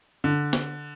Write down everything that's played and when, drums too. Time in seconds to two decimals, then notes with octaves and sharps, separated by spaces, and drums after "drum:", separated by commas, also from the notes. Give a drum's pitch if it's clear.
0.24 D3
0.53 drum: snare